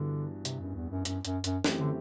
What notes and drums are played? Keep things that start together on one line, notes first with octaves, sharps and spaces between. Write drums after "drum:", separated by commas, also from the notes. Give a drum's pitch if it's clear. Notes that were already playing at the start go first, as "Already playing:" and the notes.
Already playing: G2 D3 E3 B3 F#4
C3, drum: hi-hat
F#2
E2
F#2
F#2, drum: hi-hat
F#2, drum: hi-hat
F#2, drum: hi-hat
F#2 E3 A3 C4 G4, drum: snare
D3